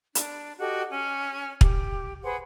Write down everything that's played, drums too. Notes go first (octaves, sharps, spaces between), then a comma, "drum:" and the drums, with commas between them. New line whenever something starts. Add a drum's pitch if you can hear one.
D4, drum: hi-hat
F#4 G4 A4 D#5
C#4
G4, drum: kick
G#4 B4 C5 F#5